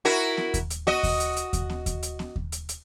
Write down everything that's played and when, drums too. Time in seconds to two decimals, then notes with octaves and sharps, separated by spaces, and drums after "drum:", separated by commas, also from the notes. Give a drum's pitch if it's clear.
0.05 E4 F#4 A#4
0.37 drum: snare B3
0.54 drum: kick D#2, hi-hat
0.70 drum: hi-hat
0.87 F#4 D#5, drum: snare B3
1.03 drum: kick D#2, open hi-hat
1.20 drum: hi-hat
1.36 drum: hi-hat
1.53 drum: kick D#2, hi-hat
1.69 drum: snare B3
1.86 drum: kick D#2, hi-hat
2.03 drum: hi-hat
2.19 drum: snare B3
2.36 drum: kick D#2
2.52 drum: hi-hat
2.69 drum: hi-hat